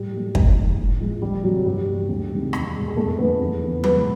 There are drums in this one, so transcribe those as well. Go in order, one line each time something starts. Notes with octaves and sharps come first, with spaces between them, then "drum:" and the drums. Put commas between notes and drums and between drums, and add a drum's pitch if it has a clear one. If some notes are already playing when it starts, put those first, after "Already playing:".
Already playing: A2 G3 G4
F#3 A3
G#2, drum: kick
E3 G#3
A2
F3 G#3
D2 G3 G4
C3 E3 F#3 F#4
G2 G3 G4
E3 A3
D2
C3 D#3 G#3
E2, drum: rim click
B2 G#3
G#4
F2 A3 A4
D3 F3 A3 B3 B4
E2
C#3 E3
C#2 B3 B4, drum: tom F3